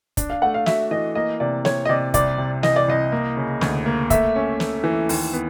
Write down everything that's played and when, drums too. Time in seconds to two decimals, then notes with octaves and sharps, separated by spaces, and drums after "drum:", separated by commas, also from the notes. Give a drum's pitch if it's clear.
0.17 D4, drum: kick, hi-hat
0.30 F5
0.42 A3 F#5
0.54 F5
0.66 F#4 E5, drum: snare
0.91 E3 D#5
1.15 A#3 D#5
1.40 C3 D5
1.65 C3 C#5, drum: snare
1.85 D#5
1.89 C3 D5
2.14 C2 D5, drum: kick, hi-hat
2.38 C3
2.63 E3 D#5, drum: snare
2.76 D5
2.88 C2 D#5
3.12 A#3
3.37 C#3
3.61 D2, drum: snare
3.86 A#3
4.10 A3 E5, drum: kick, hi-hat
4.36 C#4
4.60 A3, drum: snare
4.84 E3
5.09 D#2, drum: open hi-hat
5.33 B3